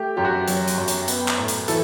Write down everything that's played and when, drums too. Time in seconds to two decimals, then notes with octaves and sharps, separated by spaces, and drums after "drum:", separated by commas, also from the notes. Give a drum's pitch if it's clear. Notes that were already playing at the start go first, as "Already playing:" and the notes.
Already playing: A3 G4
0.17 F#2 G4
0.25 F#4
0.32 G4
0.48 F#3, drum: hi-hat
0.68 drum: hi-hat
0.78 F#2
0.88 drum: hi-hat
1.08 B3, drum: hi-hat
1.28 drum: clap
1.38 A2
1.48 drum: hi-hat
1.68 E3 A4, drum: hi-hat